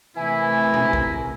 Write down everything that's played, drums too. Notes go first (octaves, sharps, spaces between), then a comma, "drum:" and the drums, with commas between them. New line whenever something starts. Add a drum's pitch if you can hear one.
C3 E3 A3 E4 A#4 G#5
drum: tom A#2
drum: kick A#1